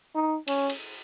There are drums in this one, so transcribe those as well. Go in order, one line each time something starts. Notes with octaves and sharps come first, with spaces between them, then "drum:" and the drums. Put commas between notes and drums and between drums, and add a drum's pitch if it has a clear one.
D#4
C#4, drum: cymbal
drum: cymbal